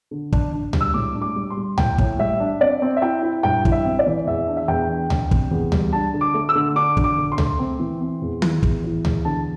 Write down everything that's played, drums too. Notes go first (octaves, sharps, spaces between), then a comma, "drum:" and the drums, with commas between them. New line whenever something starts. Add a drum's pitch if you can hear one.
D3
D4, drum: kick
D4
G3, drum: tom C#2
E6
A2 D6
D4
D6
G3
C6
G3
A2 G5, drum: tom C#2
A2, drum: kick
G3 E5
D4
C4 D5
C4
E5
E4 G5
E4
G2 G5
E4, drum: kick
E5
C4
D5
E3
E2 E5
D4
E5
E2 G5
D4
D4, drum: tom C#2
C3, drum: kick
E2
G3, drum: tom C#2
D4 A5
D3
D6
A3
E6
D3
D4 D6
D3, drum: kick
D6
D3
C6
A3, drum: tom C#2
C4
E3
C4
E2
E3, drum: tom D#3
E2, drum: kick
E4
E2, drum: tom C#2
D3 A5